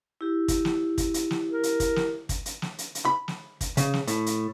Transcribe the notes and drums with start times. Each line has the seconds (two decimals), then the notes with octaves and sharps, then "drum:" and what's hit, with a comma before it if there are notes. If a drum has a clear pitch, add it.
0.21 E4 G4
0.48 drum: kick, hi-hat
0.65 drum: snare
0.98 drum: kick, hi-hat
1.14 drum: hi-hat
1.31 drum: snare
1.50 A#4
1.63 drum: hi-hat
1.80 drum: kick, hi-hat
1.96 drum: snare
2.29 drum: kick, hi-hat
2.46 drum: hi-hat
2.62 drum: snare
2.78 drum: hi-hat
2.95 drum: hi-hat
3.05 B5
3.28 drum: snare
3.61 drum: kick, hi-hat
3.77 C#3, drum: hi-hat
3.94 drum: snare
4.07 A2, drum: hi-hat
4.26 drum: hi-hat